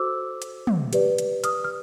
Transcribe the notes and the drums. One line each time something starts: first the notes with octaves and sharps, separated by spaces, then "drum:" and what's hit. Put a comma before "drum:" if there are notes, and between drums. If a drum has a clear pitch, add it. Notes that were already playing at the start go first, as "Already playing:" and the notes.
Already playing: F#4 A4 C5 D6 E6
drum: hi-hat
drum: tom
G4 B4 D5, drum: hi-hat
drum: hi-hat
D#6 F6, drum: hi-hat
F6